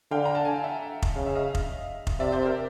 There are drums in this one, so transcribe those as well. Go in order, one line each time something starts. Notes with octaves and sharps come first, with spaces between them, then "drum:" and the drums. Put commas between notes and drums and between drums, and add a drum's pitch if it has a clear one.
D3 F5 G5
A#5
A5
G#5
G5
E5 F#5
drum: kick F1
C#3 F5
E5
D#5 F5
drum: kick F1
drum: kick F1
C3 D5 E5
C5 D5
A#4 C5